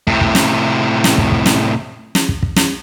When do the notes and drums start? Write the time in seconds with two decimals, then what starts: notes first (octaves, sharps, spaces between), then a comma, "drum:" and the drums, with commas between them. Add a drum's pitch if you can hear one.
0.07 A2 C3, drum: kick
0.21 drum: kick
0.35 drum: snare
1.04 drum: snare
1.18 drum: kick
1.32 drum: kick
1.46 drum: snare
2.15 drum: snare
2.29 drum: kick
2.43 drum: kick
2.56 drum: snare